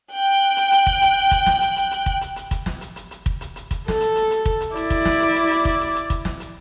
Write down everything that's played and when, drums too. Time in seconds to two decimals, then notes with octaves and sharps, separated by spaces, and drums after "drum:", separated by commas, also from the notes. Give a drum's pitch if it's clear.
0.14 G5 F#6
0.57 drum: hi-hat
0.72 drum: hi-hat
0.87 drum: kick
1.01 drum: hi-hat
1.31 drum: kick, hi-hat
1.46 drum: snare
1.61 drum: hi-hat
1.76 drum: hi-hat
1.91 drum: hi-hat
2.06 drum: kick
2.21 drum: hi-hat
2.36 drum: hi-hat
2.51 drum: kick, hi-hat
2.66 drum: snare
2.81 drum: hi-hat
2.96 drum: hi-hat
3.11 drum: hi-hat
3.26 drum: kick
3.41 drum: hi-hat
3.56 drum: hi-hat
3.71 drum: kick, hi-hat
3.88 A4, drum: snare
4.01 drum: hi-hat
4.16 drum: hi-hat
4.31 drum: hi-hat
4.45 drum: kick
4.60 drum: hi-hat
4.75 E4 D5, drum: hi-hat
4.90 drum: kick, hi-hat
5.05 drum: snare
5.20 drum: hi-hat
5.35 drum: hi-hat
5.50 drum: hi-hat
5.65 drum: kick
5.80 drum: hi-hat
5.95 drum: hi-hat
6.10 drum: kick, hi-hat
6.25 drum: snare
6.40 drum: hi-hat